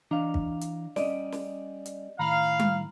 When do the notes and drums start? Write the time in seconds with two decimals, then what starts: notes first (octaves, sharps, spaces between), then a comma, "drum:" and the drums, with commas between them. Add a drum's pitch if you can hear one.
0.11 E3 D4 D#5 F5 A#5
0.34 drum: kick
0.61 drum: hi-hat
0.96 G3 C#4 D5 D#5, drum: snare
1.32 drum: snare
1.86 drum: hi-hat
2.19 A2 D#3 F5 A#5 B5 F#7
2.59 drum: tom G3